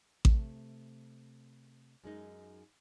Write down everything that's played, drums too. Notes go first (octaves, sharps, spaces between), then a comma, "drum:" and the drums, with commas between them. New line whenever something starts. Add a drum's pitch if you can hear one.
C3 A3, drum: kick A1
F#2 G#3 D#4